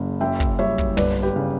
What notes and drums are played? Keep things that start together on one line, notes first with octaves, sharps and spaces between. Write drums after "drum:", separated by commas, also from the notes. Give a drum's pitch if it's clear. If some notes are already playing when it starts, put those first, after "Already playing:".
Already playing: F#1 C#3
F#2 E5 G5
drum: kick, hi-hat
G3 C#5 E5
drum: kick, hi-hat
G1 B4 D5, drum: tom
G4 B4
C#3